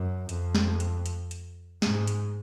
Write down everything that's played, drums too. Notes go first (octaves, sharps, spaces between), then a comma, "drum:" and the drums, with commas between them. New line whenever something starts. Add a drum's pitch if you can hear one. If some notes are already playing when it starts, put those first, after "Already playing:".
Already playing: F#2
F2, drum: hi-hat
drum: snare
drum: hi-hat
drum: hi-hat
drum: hi-hat
G#2, drum: snare
drum: hi-hat